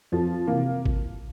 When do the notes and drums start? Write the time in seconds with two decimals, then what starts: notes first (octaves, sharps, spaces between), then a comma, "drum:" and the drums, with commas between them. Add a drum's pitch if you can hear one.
0.12 F2 F3
0.47 C3 E3 A#3
0.86 drum: kick G#1